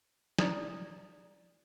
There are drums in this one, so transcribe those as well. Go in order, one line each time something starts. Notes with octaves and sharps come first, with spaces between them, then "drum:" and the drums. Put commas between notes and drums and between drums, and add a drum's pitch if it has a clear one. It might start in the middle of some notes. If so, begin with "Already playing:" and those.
E4 D5 A#5 D#6, drum: snare